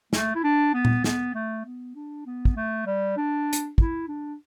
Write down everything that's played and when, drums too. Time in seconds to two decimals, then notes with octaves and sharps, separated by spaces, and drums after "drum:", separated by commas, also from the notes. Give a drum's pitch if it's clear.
0.13 A3, drum: snare
0.35 E4
0.43 D4
0.74 B3
0.85 drum: tom A#2
1.04 B3, drum: snare
1.35 A3
1.65 B3
1.95 D4
2.26 B3
2.45 drum: kick
2.56 A3
2.86 G3
3.17 D4
3.53 drum: hi-hat
3.78 E4, drum: kick
4.08 D4